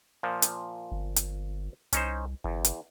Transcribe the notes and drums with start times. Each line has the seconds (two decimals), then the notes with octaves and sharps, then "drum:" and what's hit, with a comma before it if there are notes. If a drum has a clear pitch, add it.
0.23 A#2 F3
0.42 drum: hi-hat
0.92 G1
1.16 drum: hi-hat
1.93 C2 C#4 D#4 C5, drum: hi-hat
2.44 G1 E2
2.65 drum: hi-hat